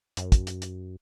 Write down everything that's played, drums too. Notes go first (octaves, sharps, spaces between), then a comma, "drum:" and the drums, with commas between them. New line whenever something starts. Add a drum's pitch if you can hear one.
F#2, drum: hi-hat
drum: kick, hi-hat
drum: hi-hat
drum: hi-hat